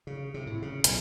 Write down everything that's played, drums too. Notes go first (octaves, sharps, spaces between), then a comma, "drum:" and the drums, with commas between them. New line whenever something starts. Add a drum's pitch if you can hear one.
C#3
C3
A2
C#3
B1, drum: hi-hat